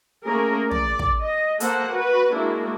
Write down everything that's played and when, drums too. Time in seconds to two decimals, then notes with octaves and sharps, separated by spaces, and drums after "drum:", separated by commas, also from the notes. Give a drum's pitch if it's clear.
0.25 A3 A#3 C#4 G#4 A#4
0.71 D5, drum: tom
0.99 drum: kick
1.24 D#5
1.60 A#3 A4 C5 F#5, drum: hi-hat
1.92 F#4 B4
2.31 G#3 A#3 D4 E4 F#4